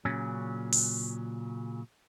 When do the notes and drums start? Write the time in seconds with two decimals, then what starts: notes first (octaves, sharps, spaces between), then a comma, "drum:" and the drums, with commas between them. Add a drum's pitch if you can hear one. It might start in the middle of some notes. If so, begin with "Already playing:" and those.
0.05 A#2 C#3 F#3 C#4
0.72 drum: open hi-hat